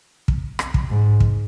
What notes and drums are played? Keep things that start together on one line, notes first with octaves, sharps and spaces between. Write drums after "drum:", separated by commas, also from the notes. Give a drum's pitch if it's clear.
drum: kick
drum: rim click
drum: kick
G#2
drum: kick